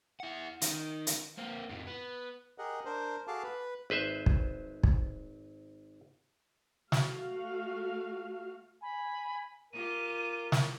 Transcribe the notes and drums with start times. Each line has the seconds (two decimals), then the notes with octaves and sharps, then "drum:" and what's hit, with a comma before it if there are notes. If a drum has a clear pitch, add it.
0.20 E4 F#5
0.61 D#3 D#4, drum: hi-hat
1.07 drum: hi-hat
1.37 A#3 C4
1.69 F2 A2
1.87 B3
2.58 G4 G#4 A#4 D#5 F#5
2.85 D4 A#4 C5
3.27 F#4 G#4 A4 F5 A5 D6
3.43 B4
3.90 G#1 B4 C5 E5
4.26 drum: kick
4.83 drum: kick
6.92 A3 F#4 F5, drum: snare
8.82 G#5 B5
9.73 F4 G4 A#4 D#7
10.52 drum: snare